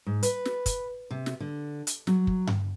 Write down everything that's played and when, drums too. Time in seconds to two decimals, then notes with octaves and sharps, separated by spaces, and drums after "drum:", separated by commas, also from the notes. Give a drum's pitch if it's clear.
0.06 G#2
0.23 B4, drum: hi-hat
0.45 drum: snare
0.66 drum: kick, hi-hat
1.11 C3
1.26 drum: snare
1.40 D3
1.87 drum: hi-hat
2.07 F#3, drum: snare
2.27 drum: kick
2.47 drum: tom G2